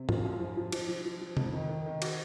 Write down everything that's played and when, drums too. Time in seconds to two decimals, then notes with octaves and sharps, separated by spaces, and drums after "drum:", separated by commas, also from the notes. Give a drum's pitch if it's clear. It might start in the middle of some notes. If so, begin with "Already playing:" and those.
Already playing: C3
0.09 F3 F4, drum: tom G#2
0.25 F#2
0.40 F3
0.57 F3
0.72 F3, drum: cymbal
0.88 F3
1.06 F3
1.21 F3
1.37 F2, drum: tom C3
1.53 D#3
1.69 D#3
1.86 D#3
2.02 F#4, drum: cymbal